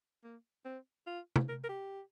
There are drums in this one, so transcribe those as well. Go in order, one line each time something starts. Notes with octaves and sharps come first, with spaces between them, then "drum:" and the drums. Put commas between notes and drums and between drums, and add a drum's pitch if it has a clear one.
A#3
C4
F4
drum: tom
A#4
A#4
G4